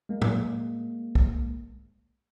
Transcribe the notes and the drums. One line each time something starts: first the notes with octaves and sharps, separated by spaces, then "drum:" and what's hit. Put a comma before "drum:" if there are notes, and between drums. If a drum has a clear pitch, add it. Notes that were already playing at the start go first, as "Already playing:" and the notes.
G#3 A#3
drum: tom
drum: kick B1